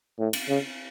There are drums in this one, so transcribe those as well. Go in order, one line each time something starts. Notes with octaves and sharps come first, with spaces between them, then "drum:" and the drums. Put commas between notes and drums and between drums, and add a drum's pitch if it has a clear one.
A2
drum: cymbal
C#3